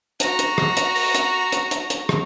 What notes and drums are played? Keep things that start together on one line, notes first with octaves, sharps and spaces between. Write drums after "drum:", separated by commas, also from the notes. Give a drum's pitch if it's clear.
F#4 A#5, drum: hi-hat
drum: hi-hat
drum: rim click
drum: hi-hat
drum: open hi-hat
drum: hi-hat
drum: hi-hat
drum: hi-hat
drum: hi-hat
drum: rim click